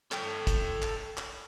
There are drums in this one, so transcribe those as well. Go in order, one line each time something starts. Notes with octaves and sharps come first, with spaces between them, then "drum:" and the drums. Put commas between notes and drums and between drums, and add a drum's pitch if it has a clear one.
A4 G5, drum: clap
drum: kick, hi-hat
drum: clap
drum: clap